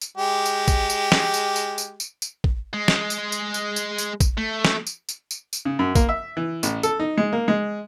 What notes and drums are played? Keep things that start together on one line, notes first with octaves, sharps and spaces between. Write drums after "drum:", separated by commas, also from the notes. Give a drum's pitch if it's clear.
drum: tambourine
G#3 G4
drum: tambourine
drum: kick, tambourine
drum: tambourine
drum: snare
drum: tambourine
drum: tambourine
drum: tambourine
drum: tambourine
drum: tambourine
drum: kick
G#3
drum: snare
drum: tambourine
drum: tambourine
drum: tambourine
drum: tambourine
drum: tambourine
drum: kick, tambourine
A3
drum: snare
drum: tambourine
drum: tambourine
drum: tambourine
drum: tambourine
C#3
F#2
A#3, drum: kick, tambourine
E5
E3
A1, drum: tambourine
A4, drum: tambourine
D#4
G#3
A#3
G#3